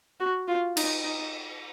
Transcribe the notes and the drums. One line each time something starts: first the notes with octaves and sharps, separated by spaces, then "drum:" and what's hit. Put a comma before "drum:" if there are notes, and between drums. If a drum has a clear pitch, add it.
F#4
F4
D#4, drum: cymbal
D#4